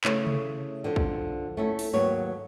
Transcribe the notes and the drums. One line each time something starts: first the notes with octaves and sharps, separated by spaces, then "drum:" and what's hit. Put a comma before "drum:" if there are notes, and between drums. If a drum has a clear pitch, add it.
C#3 A3 E4 C5 C#5, drum: clap
drum: tom C3
D3 F3 C5
drum: kick
A3 C#4 E4
drum: open hi-hat
D#2 G#2 F#3 A#3 B4 C#5